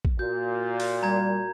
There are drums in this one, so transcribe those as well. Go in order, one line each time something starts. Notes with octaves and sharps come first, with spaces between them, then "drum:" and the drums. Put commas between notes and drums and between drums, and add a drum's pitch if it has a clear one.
drum: kick
A#2 F#4 G6
drum: open hi-hat
G3 A#5 G#6